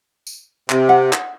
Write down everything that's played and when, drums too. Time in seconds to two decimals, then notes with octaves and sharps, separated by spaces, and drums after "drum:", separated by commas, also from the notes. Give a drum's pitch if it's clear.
0.27 drum: tambourine
0.70 C3, drum: clap
0.89 F#5
1.13 drum: clap